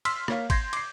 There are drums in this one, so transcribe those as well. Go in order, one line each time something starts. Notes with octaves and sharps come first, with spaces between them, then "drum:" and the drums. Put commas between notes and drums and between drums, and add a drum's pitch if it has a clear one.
C6 E6 F6 B6, drum: cymbal
A#3 C#5 F5, drum: rim click
C6 G6 G#6 A#6 C7, drum: kick, cymbal
D6 C7, drum: cymbal